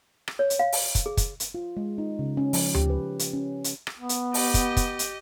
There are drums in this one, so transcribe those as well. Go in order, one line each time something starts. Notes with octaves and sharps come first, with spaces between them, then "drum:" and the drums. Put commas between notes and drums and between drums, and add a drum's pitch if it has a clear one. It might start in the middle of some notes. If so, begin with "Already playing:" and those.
drum: rim click
C#5
drum: hi-hat
F5
drum: open hi-hat
drum: kick, hi-hat
G#4
drum: kick, hi-hat
drum: hi-hat
F4
G#3
D#4
C#3
C#4
F3, drum: open hi-hat
G4, drum: tom D2
B4
drum: hi-hat
C#4
drum: hi-hat
drum: rim click
B3
drum: hi-hat
G4 D#5, drum: open hi-hat
drum: kick, hi-hat
drum: kick, hi-hat
drum: hi-hat